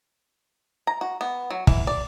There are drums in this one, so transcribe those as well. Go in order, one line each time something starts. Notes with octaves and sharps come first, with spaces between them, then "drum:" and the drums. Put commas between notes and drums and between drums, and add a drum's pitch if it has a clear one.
A#5
F#4
B3
F#3
E3, drum: kick
D5